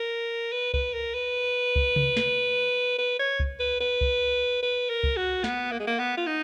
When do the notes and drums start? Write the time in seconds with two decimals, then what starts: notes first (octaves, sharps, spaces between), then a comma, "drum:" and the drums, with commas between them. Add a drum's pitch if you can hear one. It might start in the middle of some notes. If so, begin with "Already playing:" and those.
Already playing: A#4
0.53 B4
0.74 B4, drum: kick C2
0.94 A#4
1.14 B4
1.76 drum: kick C2
1.96 drum: tom C3
2.17 drum: snare
2.98 B4
3.19 C#5
3.40 drum: kick C2
3.60 B4
3.80 B4
4.01 drum: kick C2
4.63 B4
4.89 A#4
5.03 drum: kick C2
5.17 F#4
5.44 B3, drum: snare
5.72 A#3
5.79 G#3
5.87 A#3
5.99 B3
6.17 F4
6.27 D#4